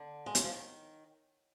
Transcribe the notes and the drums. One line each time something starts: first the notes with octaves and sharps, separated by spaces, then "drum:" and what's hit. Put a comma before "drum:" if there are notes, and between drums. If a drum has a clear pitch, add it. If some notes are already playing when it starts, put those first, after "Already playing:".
Already playing: D3
G#3
F#3, drum: hi-hat
F3
D#3